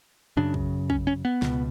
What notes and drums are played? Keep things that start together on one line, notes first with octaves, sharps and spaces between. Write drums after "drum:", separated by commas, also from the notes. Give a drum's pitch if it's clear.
F#2 C#3 D4
drum: kick
C#4, drum: kick
C#4
B3
C#2 B2, drum: snare